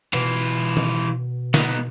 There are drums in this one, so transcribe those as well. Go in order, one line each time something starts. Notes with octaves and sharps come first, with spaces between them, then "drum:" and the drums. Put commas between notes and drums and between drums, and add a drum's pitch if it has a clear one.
B2 E3 F4, drum: hi-hat
drum: tom D#3
B3 D#4, drum: snare